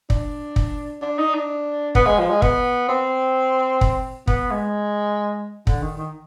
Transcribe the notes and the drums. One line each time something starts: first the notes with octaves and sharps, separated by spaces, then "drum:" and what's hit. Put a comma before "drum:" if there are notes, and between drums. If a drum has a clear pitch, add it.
D4, drum: kick
drum: kick
D4
D#4
D4
B3, drum: kick
G#3
F3
G#3
B3, drum: kick
C4
drum: kick
B3, drum: kick
G#3
D3, drum: kick
D#3
D#3